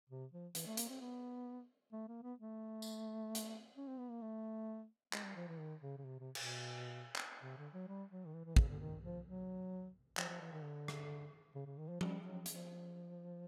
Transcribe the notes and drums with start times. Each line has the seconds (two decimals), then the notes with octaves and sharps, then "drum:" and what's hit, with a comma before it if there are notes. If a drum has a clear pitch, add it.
0.09 C3
0.32 F3
0.55 E3, drum: hi-hat
0.66 A3
0.77 A#3, drum: hi-hat
0.89 C4
1.00 B3
1.93 A3
2.08 A#3
2.23 B3
2.38 A3
2.82 drum: tambourine
3.35 drum: hi-hat
3.76 C#4
3.87 C4
3.99 B3
4.10 A#3
4.21 A3
5.13 G#3, drum: clap
5.24 G3
5.36 F3
5.48 E3
5.59 D#3
5.82 C#3
5.98 C#3
6.05 C3
6.19 C3
6.35 B2, drum: cymbal
7.15 drum: clap
7.42 C3
7.57 D3
7.73 F#3
7.88 G3
8.11 F#3
8.26 D#3
8.33 E3
8.45 E3
8.56 C#3, drum: kick
8.68 D3
8.80 D#3
9.03 F3
9.25 F#3
10.17 F3, drum: clap
10.29 F3
10.41 E3
10.52 D#3
10.63 D3
10.88 drum: rim click
11.55 C#3
11.66 C#3
11.77 D#3
11.88 F3
12.01 G3, drum: tom F3
12.23 F#3
12.46 F3, drum: hi-hat